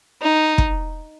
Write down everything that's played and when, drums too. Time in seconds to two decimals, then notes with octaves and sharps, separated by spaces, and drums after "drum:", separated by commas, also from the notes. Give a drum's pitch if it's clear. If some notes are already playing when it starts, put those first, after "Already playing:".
0.22 D#4
0.58 drum: kick